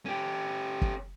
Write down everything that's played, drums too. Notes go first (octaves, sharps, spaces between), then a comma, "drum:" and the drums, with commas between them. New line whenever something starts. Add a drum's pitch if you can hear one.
C#4 G4
drum: kick F#1